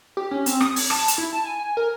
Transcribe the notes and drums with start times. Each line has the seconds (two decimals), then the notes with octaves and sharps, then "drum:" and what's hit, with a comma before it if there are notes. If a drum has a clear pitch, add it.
0.17 G4
0.31 C#4
0.46 C4, drum: hi-hat
0.60 D#6, drum: rim click
0.76 G#6, drum: open hi-hat
0.90 A5, drum: rim click
1.08 drum: hi-hat
1.18 E4
1.33 A5
1.44 G#5
1.60 G#5
1.77 A#4